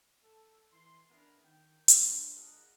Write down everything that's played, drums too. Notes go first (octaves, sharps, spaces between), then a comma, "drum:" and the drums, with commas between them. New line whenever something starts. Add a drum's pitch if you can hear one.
A4
E3 C6
B3 C#4 D4 E4 G#4 A#4
D#3 G5
G#3 A3 D4 F4, drum: hi-hat
D4 F4 G#4 A#4 D#5 F#5